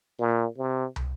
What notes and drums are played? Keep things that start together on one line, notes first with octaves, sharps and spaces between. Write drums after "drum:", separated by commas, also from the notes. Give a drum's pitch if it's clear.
A#2
C3
drum: tom